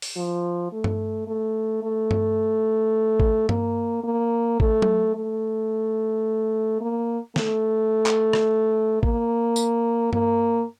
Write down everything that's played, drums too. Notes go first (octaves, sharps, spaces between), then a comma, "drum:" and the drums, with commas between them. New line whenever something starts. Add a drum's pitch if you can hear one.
drum: open hi-hat
F3
A3
drum: tom G2
A3
A3
drum: tom G2
drum: kick
A#3, drum: tom G2
A#3
A3, drum: kick
drum: tom F#3
A3
A#3
A3, drum: snare
drum: clap
drum: rim click
A#3, drum: kick
drum: tambourine
A#3, drum: tom G2